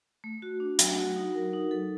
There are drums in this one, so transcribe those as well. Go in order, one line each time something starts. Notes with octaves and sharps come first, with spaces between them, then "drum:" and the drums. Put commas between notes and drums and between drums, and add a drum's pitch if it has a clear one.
A3
F#4
D4
F#3, drum: hi-hat
F#4
D#4
A#4
D#4
A4